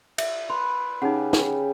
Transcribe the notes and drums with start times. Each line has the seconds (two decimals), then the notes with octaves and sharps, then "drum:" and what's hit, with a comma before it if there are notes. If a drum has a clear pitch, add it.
0.18 E5, drum: cymbal
0.49 B4 C6
1.02 C#3 D#4 G4 F#5
1.33 drum: snare